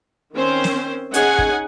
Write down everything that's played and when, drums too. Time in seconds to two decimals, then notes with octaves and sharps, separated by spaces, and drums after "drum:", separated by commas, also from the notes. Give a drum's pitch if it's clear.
0.35 D#3 C4 C#4 C5
0.64 drum: snare
1.14 C#4 D#4 G#4 F#5 G#5, drum: hi-hat
1.39 drum: kick